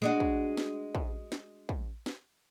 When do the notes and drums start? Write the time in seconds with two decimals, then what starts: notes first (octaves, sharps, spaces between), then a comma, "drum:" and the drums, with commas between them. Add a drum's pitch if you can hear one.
0.02 G#3 D4 F#4
0.20 drum: kick
0.57 drum: snare
0.95 drum: kick
1.32 drum: snare
1.69 drum: kick
2.06 drum: snare